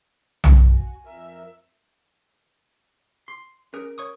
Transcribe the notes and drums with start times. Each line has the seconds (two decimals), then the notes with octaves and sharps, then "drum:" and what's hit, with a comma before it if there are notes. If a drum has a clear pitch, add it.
0.44 drum: tom B1
0.69 F#4 G#5
1.05 F2 A#4 E5
3.28 C6
3.74 C#4 G#4 A#4
3.98 C#5 C#6 D#6